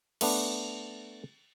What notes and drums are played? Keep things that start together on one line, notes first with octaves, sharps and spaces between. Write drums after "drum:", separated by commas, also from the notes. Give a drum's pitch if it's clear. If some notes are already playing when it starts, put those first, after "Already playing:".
A3 B3 D4, drum: cymbal